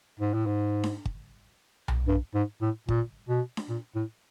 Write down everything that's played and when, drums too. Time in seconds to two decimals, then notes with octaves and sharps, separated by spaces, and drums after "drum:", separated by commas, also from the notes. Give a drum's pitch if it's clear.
0.19 G#2
0.34 A2
0.46 G#2
0.84 drum: snare D4
1.05 drum: kick
1.88 drum: tom B1
2.08 G2
2.34 G#2
2.62 A2
2.89 A#2, drum: kick
3.29 B2
3.57 drum: snare D4
3.69 A#2
3.95 A2